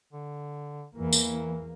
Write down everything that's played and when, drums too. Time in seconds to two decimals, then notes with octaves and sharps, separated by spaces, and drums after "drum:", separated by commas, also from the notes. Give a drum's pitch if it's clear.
0.13 D3
0.94 E2 E3 A#3
1.13 drum: tambourine